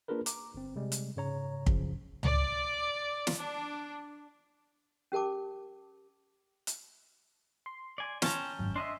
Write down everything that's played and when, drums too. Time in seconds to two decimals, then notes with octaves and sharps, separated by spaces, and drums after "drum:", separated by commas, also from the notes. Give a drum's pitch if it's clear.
0.08 A#3 D4 F4 G#4 A#4 B4
0.26 A#5 D6, drum: hi-hat
0.54 G1 C4
0.76 C3 G3 G#3
0.92 drum: hi-hat
1.16 G#2 C#3 C#5 A#5
1.66 F#2 C#3 F3, drum: kick
2.23 D5, drum: tom C#2
3.27 drum: snare
3.38 D4
5.12 C#4 G4 A#4 A5 D6
6.67 drum: hi-hat
7.66 C6
7.98 D5 G#5
8.22 C#4 G5 A5 A#5, drum: snare
8.59 G#1 F#2
8.76 D4 D#5 E5 C6